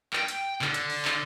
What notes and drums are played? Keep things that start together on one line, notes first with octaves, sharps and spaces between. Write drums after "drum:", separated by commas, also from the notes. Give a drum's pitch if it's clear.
G5, drum: clap
drum: hi-hat
D3, drum: clap
drum: hi-hat
drum: open hi-hat
drum: clap